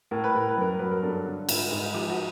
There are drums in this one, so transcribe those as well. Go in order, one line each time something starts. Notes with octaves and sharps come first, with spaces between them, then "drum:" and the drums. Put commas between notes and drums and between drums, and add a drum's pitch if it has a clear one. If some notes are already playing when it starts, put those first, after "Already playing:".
A2 A#4
B4
A2 A#4
B4
F#2 A#4
F#3 B4
A#4
G2 A4
D3
G#2, drum: cymbal
G#2
F3 G4
F#4